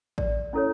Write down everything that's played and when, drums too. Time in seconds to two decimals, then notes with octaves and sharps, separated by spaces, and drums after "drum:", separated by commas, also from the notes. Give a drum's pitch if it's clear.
0.18 D5, drum: kick A1
0.53 C#4 E4 A4 C#5